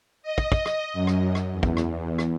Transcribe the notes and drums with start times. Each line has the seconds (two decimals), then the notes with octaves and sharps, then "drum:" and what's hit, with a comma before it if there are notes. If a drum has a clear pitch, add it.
0.23 D#5
0.38 drum: kick
0.52 drum: kick
0.66 drum: rim click
0.93 F#2
1.07 drum: rim click
1.35 drum: rim click
1.53 E2
1.63 drum: kick
1.77 drum: rim click
2.19 drum: rim click